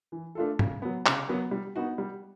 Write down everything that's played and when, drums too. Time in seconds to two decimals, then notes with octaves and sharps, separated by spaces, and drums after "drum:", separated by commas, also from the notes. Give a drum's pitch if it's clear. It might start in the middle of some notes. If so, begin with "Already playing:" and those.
0.12 E3
0.35 A3 D4 F4 A4
0.59 C#3, drum: tom G#2
0.82 F#3 B3
1.06 C#3, drum: clap
1.29 F#3 B3
1.51 G3
1.76 B3 D#4 F#4
1.98 G3